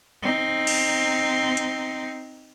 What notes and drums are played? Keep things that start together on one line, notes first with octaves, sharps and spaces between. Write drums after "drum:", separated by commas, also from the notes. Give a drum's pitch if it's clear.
C4 D#4
drum: cymbal
drum: hi-hat